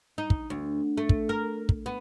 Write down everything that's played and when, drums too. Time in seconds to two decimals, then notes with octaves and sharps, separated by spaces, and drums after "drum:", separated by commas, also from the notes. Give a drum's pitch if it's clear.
0.18 D#4
0.30 drum: kick
0.50 D2
0.97 A3
1.09 drum: kick
1.29 A#4
1.69 drum: kick
1.86 B3